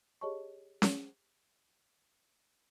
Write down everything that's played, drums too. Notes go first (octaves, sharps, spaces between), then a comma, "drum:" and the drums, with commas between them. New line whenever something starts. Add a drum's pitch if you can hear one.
G4 G#4 C#5 D#5 A5 C#6
drum: snare C#4